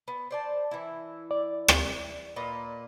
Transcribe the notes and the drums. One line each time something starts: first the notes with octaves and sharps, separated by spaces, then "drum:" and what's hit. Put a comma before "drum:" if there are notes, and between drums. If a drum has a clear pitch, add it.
B3
C5 D5 A5
E3 E4
D5
drum: rim click
A#2 B4 D#5